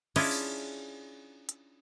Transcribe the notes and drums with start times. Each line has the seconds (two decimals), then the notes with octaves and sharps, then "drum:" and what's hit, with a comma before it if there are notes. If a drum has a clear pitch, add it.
0.16 C#4 D4 E4 F4 G#4, drum: cymbal
0.31 drum: tambourine
1.49 drum: hi-hat